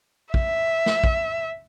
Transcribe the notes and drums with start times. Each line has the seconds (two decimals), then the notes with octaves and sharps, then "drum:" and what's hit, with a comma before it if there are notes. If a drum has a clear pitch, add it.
0.34 E5, drum: kick
0.86 drum: snare
1.04 drum: kick